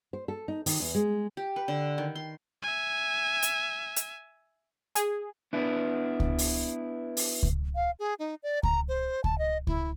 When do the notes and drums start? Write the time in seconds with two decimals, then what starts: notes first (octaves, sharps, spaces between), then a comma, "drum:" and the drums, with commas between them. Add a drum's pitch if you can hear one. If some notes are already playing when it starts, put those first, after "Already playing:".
0.13 C5
0.28 A4
0.48 D#4
0.66 D#3, drum: open hi-hat
0.80 E2
0.95 G#3
1.37 G4
1.56 B4
1.68 D3
1.98 D#3
2.15 C6
2.62 E5 G#5
3.42 drum: hi-hat
3.96 drum: hi-hat
4.95 G#4, drum: hi-hat
5.53 B3 D4 E4
6.20 drum: kick C#2
6.38 drum: open hi-hat
7.17 drum: open hi-hat
7.43 drum: kick C#2
7.75 F5
7.99 G#4
8.19 D#4
8.43 D5
8.63 A#5, drum: kick C#2
8.88 C5
9.24 A5, drum: kick C#2
9.38 D#5
9.67 E4, drum: kick C#2